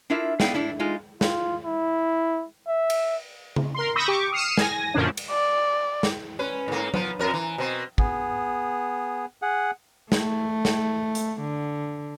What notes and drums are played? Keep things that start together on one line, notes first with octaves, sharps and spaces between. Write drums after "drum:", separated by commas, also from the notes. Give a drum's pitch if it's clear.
D4 E4 F4 A#4 E5
B3 E4 D5 F5 G5, drum: snare
A2 D4 E4
G#3 D#4 F4
F4, drum: snare
E4
E5
drum: cymbal
drum: tom C#3
A#4 C6
B5 C#6 D#6 E6 G6 A#6
G4 C#6 D6
D#6 F6 C7 C#7 D#7 E7
G#5 A#6, drum: snare
F#2 A#2 D3 F3 C#4 D4
drum: cymbal
D5
drum: snare
C#4 B4
G#2 A#3
F3 B3, drum: tom F#3
F2 A#4
E3
B2 C4
B3 G#4, drum: kick
G#4 F#5
A3, drum: snare
drum: snare
drum: hi-hat
D3